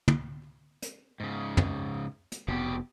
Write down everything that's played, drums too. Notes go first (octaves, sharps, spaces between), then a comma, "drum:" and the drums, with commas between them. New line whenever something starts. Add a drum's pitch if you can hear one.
drum: tom
drum: hi-hat
G#2 C#3
drum: tom
drum: hi-hat
F1 B2 B3 G4